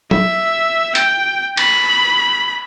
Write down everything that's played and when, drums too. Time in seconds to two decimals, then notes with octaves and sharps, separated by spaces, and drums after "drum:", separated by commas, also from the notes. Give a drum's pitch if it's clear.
0.11 E5, drum: tom
0.95 G5, drum: hi-hat
1.57 B5, drum: cymbal